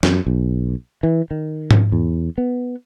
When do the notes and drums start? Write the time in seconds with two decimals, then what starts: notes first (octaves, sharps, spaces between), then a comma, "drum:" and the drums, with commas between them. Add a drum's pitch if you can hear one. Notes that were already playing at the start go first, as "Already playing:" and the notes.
0.03 F#2, drum: snare
0.27 B1
1.03 E3
1.31 D#3
1.71 drum: tom G#2
1.92 E2
2.38 B3